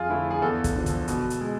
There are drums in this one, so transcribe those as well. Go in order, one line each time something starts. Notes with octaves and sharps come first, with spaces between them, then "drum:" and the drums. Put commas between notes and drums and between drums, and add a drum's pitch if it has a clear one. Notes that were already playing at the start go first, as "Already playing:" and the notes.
Already playing: F2 F4 G#4
D3 F3 A3 E4
G#4
E2 A4
drum: kick, hi-hat
D3 F3
drum: kick, hi-hat
B2, drum: hi-hat
drum: hi-hat
G#3